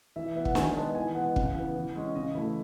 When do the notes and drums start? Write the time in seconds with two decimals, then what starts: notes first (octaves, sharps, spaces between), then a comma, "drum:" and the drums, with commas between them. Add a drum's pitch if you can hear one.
0.16 E3 E5
0.36 B3 E5
0.45 F#5, drum: kick
0.55 D#3 G#5, drum: snare
0.76 G#3 B3 A5
0.95 E3 G#5
1.15 G#3 B3 F#5
1.36 C#3, drum: kick
1.55 E3 B3
1.76 E3
1.95 G#3 C#4
2.15 C#3 D#5
2.35 E3 A3 E4